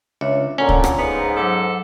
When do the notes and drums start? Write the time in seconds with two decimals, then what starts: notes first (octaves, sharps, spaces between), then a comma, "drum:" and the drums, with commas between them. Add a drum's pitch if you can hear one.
0.21 C#2 D4 C#5 E5
0.58 A#2 D3 C#4 F#5 A#5
0.69 drum: kick
0.84 drum: rim click
0.99 G#2 B3 F5
1.37 F#3 A4 C5 D6